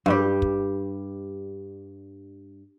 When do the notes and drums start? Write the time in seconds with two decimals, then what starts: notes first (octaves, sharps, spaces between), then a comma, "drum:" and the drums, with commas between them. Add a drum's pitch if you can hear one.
0.06 G2 G3 G4, drum: tom
0.42 drum: kick